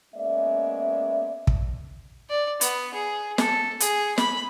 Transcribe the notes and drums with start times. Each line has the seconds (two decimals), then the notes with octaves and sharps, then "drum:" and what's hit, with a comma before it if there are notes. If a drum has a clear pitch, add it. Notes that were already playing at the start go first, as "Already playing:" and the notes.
0.15 G#3 A#3 B3 C#4 D5 E5
1.47 drum: kick
2.30 D5
2.61 B3, drum: hi-hat
2.94 G#4
3.38 A4, drum: snare
3.80 G#4, drum: hi-hat
4.18 B5, drum: snare